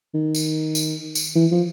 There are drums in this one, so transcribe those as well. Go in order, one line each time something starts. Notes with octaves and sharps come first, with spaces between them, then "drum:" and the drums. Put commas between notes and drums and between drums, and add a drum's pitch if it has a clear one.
D#3
drum: tambourine
drum: tambourine
drum: tambourine
E3
F3